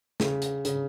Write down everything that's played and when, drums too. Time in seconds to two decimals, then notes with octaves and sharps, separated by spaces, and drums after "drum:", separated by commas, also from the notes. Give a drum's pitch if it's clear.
0.20 C#3, drum: snare
0.42 drum: hi-hat
0.65 C#3, drum: hi-hat